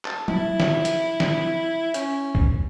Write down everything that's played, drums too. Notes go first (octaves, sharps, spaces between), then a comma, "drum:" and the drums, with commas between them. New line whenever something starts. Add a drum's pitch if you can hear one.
A5, drum: clap
E4, drum: tom
drum: snare
drum: hi-hat
drum: snare
C#4, drum: hi-hat
drum: kick